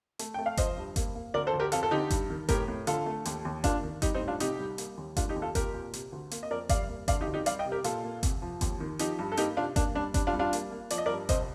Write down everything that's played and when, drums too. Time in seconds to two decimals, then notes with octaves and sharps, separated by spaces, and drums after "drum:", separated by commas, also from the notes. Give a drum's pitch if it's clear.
0.19 A3, drum: hi-hat
0.34 A3 G5
0.46 F5
0.57 F3 C5 D#5, drum: kick G1, hi-hat
0.77 G2
0.96 A#3, drum: kick G1, hi-hat
1.15 A#3
1.34 D2 A#4 D5
1.47 A4 C5
1.54 D2
1.60 G4 A#4
1.72 F2 F4 A4, drum: hi-hat
1.83 A4
1.91 D3 D#4 G4
2.11 G2, drum: kick G1, hi-hat
2.30 D#3
2.49 A2 G4 A#4, drum: kick G1, hi-hat
2.68 A2
2.87 D3 F4 A4, drum: hi-hat
3.06 A3
3.25 D#2, drum: hi-hat
3.45 D#2
3.64 A#3 D4 F4, drum: kick G1, hi-hat
3.83 D#3
4.02 G3 D#4 G4, drum: kick G1, hi-hat
4.14 C4 D#4
4.21 A2
4.28 D4 F4
4.40 C2 D#4 G4, drum: hi-hat
4.59 G3
4.78 A#3, drum: hi-hat
4.97 D#2
5.17 A3 D4 F4, drum: kick G1, hi-hat
5.29 D#4 G4
5.36 D#2
5.42 F4 A4
5.55 A#2 G4 A#4, drum: kick G1, hi-hat
5.74 A#2
5.94 C3, drum: hi-hat
6.12 D2
6.31 A#3, drum: hi-hat
6.43 D#5
6.51 F2 A#4 D5
6.69 G3 D5 F5, drum: kick G1, hi-hat
6.89 A#3
7.08 D3 D5 F5, drum: kick G1, hi-hat
7.21 D#4 G4
7.27 D2
7.34 D#4 G4
7.46 G3 D5 F5, drum: hi-hat
7.59 D#5 G5
7.65 C3
7.72 G4 A#4
7.84 A#2 F4 A4, drum: hi-hat
8.04 A#3
8.23 C2, drum: kick G1, hi-hat
8.42 F3
8.61 D#2, drum: kick G1, hi-hat
8.80 D#3
8.99 F3 D#4 G4, drum: hi-hat
9.19 G2
9.32 A4
9.37 A#3 D#4 G4, drum: hi-hat
9.57 C3 D4 F4
9.76 A#3 D4, drum: kick G1, hi-hat
9.95 G3 D4
10.14 G3 D4, drum: kick G1, hi-hat
10.27 D4 F4
10.33 G3
10.39 D4 F4
10.53 A#3, drum: hi-hat
10.72 A#3
10.90 F3 D5, drum: hi-hat
10.98 D#5
11.06 A#4 D5
11.10 G2
11.29 C2 C5 D#5, drum: kick G1, hi-hat